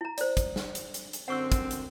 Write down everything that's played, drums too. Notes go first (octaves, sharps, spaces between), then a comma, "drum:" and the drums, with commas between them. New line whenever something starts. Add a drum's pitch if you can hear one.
E4 A#5
C5 D5, drum: hi-hat
drum: kick, hi-hat
drum: snare
drum: hi-hat
drum: hi-hat
drum: hi-hat
F#2 D3 C4 F#5 C#6 E6
drum: kick, hi-hat
drum: hi-hat